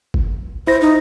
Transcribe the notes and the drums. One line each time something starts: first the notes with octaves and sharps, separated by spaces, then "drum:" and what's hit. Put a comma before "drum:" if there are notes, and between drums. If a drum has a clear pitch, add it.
drum: kick F#1
E4 C5 A#6
D#4